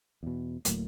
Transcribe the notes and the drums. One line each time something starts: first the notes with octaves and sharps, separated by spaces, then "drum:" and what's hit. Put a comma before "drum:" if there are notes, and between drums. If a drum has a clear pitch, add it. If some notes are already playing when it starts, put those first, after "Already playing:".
E2 B2
D1 A2 F#3 A#3, drum: hi-hat